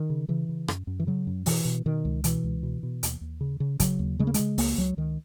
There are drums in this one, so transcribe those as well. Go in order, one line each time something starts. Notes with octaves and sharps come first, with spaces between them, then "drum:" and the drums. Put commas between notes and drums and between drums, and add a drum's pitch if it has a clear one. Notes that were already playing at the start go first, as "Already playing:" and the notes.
Already playing: D#3
C#3
C#3 E3
C#3
F#2, drum: rim click
F#2
E3
C#3 F#3
F#2
B2 E3, drum: open hi-hat
B2
B2 D#3
C#2
B2 E3, drum: hi-hat
C#2
B2
B2
D#2, drum: hi-hat
D#2
C#3
C#3
C#3 F#3, drum: kick, hi-hat
D#2
C#3 G#3
A#3
C#3 G#3, drum: hi-hat
C#2 A#3, drum: open hi-hat
C#2 F#3
C#2 D#3